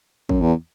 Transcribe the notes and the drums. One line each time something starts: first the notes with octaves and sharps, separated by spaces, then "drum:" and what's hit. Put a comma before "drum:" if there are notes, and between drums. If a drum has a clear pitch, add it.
F#2, drum: kick
E2